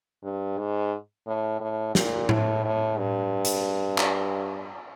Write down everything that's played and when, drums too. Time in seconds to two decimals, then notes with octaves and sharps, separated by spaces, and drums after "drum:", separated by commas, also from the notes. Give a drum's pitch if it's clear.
0.23 G2
0.58 G#2
1.27 A2
1.60 A2
1.95 A#2, drum: snare
2.29 A2, drum: tom A2
2.64 A2
2.97 G2
3.45 drum: hi-hat
3.98 drum: clap